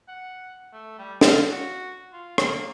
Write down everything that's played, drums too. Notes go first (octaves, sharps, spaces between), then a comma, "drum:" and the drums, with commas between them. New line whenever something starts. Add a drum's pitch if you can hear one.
F#5
A3
G3
F5, drum: snare
F#4
F4
A#3, drum: rim click